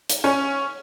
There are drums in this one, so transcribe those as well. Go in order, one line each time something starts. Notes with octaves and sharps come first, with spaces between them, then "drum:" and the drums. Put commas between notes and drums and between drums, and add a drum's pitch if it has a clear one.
drum: hi-hat
C#4